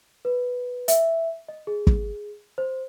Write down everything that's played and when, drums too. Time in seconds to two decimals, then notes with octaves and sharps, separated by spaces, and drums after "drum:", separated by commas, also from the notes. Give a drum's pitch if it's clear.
0.25 B4
0.88 E5, drum: hi-hat
1.48 D#5
1.67 G#4
1.87 drum: kick
2.58 C5